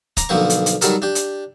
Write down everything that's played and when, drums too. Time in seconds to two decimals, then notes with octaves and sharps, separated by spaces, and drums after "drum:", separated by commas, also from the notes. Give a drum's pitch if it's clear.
0.17 A#5 D6, drum: kick, hi-hat
0.29 B1 D3 F3 A#3 C4 C#6
0.50 drum: hi-hat
0.66 drum: hi-hat
0.81 D#3 F#3 G3 A4 A#4, drum: hi-hat
1.02 D4 G4
1.15 drum: hi-hat